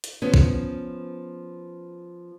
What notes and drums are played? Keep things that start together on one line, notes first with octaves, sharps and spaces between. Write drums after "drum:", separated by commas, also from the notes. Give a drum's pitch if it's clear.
drum: hi-hat
F3 B3 C#4
drum: kick